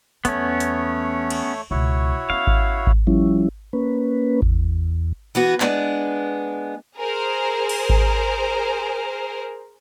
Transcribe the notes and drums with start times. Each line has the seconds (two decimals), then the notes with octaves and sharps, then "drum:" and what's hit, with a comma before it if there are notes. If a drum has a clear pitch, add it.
0.25 E2 A3 B3 C#4 C#5, drum: hi-hat
0.60 drum: hi-hat
1.30 drum: cymbal
1.71 C#2 B2 E4 F#4 C#5
2.30 B3 C#4 F5
2.47 drum: kick G#1
2.87 drum: kick G#1
3.07 F3 G3 C#4 E4
3.73 A#3 C#4 B4
4.42 E2, drum: kick G#1
5.35 E3 B3 F#4
5.61 G#3 B3 D4, drum: clap
6.97 G#4 A#4 C5
7.69 drum: cymbal
7.89 drum: kick G#1